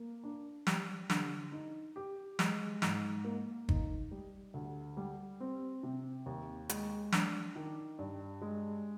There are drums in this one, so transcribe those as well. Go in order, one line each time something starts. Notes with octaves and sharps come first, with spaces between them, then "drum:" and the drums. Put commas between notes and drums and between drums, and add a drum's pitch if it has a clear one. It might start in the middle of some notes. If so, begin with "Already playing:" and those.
Already playing: A#3
D4
G3, drum: snare
D3, drum: snare
D#4
G4
G#3, drum: snare
G#2, drum: snare
A#3
D#4, drum: kick
G3
D2
G3
C4
C3
D#2
G#3, drum: hi-hat
D4, drum: snare
D#3
G2
G#3